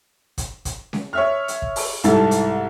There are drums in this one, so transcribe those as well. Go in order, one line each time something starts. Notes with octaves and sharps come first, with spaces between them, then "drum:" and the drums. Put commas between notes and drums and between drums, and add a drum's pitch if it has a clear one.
drum: kick, hi-hat
drum: kick, hi-hat
drum: snare C#4
C#5 E5 F6
drum: hi-hat
drum: kick
drum: open hi-hat
C2 G#2 E4 A4 A6, drum: hi-hat
drum: hi-hat